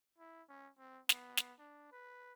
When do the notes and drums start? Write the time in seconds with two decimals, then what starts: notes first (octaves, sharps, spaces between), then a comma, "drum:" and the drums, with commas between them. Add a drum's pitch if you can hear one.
0.18 E4
0.49 C#4
0.78 C4
1.09 B3, drum: snare
1.37 drum: snare
1.59 D4
1.92 B4